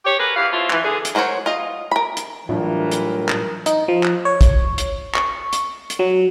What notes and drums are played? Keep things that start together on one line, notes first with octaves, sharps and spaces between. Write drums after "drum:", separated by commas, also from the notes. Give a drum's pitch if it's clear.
G4 C#5
G#4 A#4 B4
E2 E4 G4 F5
B2 C4 E4 F4
E3, drum: clap
D3 G#4
drum: hi-hat
F#3 F#4 A#4 C5 C#5
F4 D#5
A#4 B5
drum: hi-hat
A2 E3 F#3 G3 D4 F4 A#4
drum: hi-hat
drum: clap
D#4, drum: hi-hat
F3
drum: clap
C#5
drum: kick, hi-hat
drum: hi-hat
C#6, drum: clap
drum: hi-hat
drum: hi-hat
F#3